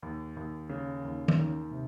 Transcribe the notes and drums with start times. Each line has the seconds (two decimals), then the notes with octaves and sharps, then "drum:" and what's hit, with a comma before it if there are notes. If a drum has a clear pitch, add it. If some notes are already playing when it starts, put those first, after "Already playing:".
0.02 D#2
0.36 D#2
0.70 C#3
1.04 D#2
1.28 drum: tom D#3
1.38 D#3
1.71 C3